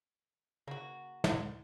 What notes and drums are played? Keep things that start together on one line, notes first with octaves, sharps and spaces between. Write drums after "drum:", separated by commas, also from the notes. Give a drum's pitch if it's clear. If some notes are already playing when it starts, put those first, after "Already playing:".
C#3 A#3 F#4
drum: snare